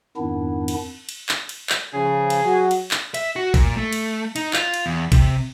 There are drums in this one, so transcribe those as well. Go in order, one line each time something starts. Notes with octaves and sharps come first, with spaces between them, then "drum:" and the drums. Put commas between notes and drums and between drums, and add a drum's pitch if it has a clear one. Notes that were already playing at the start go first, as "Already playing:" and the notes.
F2 G#2 D#3 B3 D4 E4
drum: cymbal
drum: cymbal
drum: clap
drum: cymbal
drum: clap
C#3 F3 G#4
drum: cymbal
F#3 F#4
drum: cymbal
drum: clap
E5, drum: cymbal
F#4
A#2, drum: kick A1, cymbal
A3
drum: cymbal
D#4, drum: cymbal
F4, drum: clap
drum: cymbal
E2
C3, drum: kick A1, cymbal